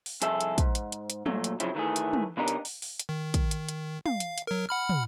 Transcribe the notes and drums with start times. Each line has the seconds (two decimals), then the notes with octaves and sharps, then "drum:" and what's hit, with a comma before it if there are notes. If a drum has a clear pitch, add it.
0.06 drum: open hi-hat
0.22 C2 F2 G#4 A4 E5, drum: hi-hat
0.41 drum: hi-hat
0.58 G#2, drum: kick, hi-hat
0.75 drum: hi-hat
0.92 drum: hi-hat
1.10 drum: hi-hat
1.26 A#2 F#3 A3, drum: tom
1.44 drum: hi-hat
1.60 C#3 F3 F#3 C4 E4, drum: hi-hat
1.75 D#3 E3 A3 G#4
1.96 drum: hi-hat
2.13 drum: tom
2.37 C#3 B3 D4 D#4 G4 A#4
2.48 drum: hi-hat
2.65 drum: open hi-hat
2.82 drum: open hi-hat
2.99 drum: hi-hat
3.09 D#3
3.34 drum: kick, hi-hat
3.51 drum: hi-hat
3.69 drum: hi-hat
4.06 F5, drum: tom
4.20 drum: hi-hat
4.38 drum: hi-hat
4.47 F#3 A#4
4.69 F#5 B5 F6
4.89 drum: tom